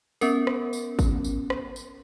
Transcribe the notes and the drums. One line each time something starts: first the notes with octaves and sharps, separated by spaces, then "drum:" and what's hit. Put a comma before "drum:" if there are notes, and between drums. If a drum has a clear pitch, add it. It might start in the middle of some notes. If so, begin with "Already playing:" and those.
B3 C#4 A#4, drum: tambourine
drum: rim click
drum: tambourine
drum: kick G#1, tambourine
drum: tambourine
drum: rim click
drum: tambourine